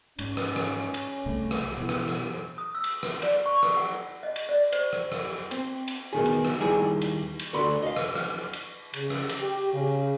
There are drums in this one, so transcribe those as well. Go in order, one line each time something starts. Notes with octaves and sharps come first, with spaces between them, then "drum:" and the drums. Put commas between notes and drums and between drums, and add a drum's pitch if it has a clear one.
G#2 C#4, drum: cymbal
drum: rim click
drum: rim click
drum: cymbal
C2 C3 A3
drum: rim click
B2 E3
drum: rim click
drum: rim click
D#6
E6
drum: cymbal
drum: rim click
D5, drum: cymbal
C#6
C#6, drum: rim click
F#5
D#5
drum: cymbal
D5
C5, drum: cymbal
drum: rim click
drum: rim click
C4, drum: cymbal
drum: cymbal
B2 D#3 G#4
drum: cymbal
drum: rim click
D#2 G3 D#4 E4 G#4 G#5
drum: cymbal
drum: cymbal
D2 D3 F#4 B5 C6
D#5 F5
drum: rim click
drum: rim click
drum: cymbal
C#3, drum: cymbal
drum: rim click
drum: cymbal
G4
C#3